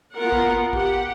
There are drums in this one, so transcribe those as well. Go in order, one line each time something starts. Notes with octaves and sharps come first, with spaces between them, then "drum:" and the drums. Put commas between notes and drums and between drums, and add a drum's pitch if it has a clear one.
B3 F4 A#4 F#5
drum: kick G#1
G4 F#5, drum: kick G#1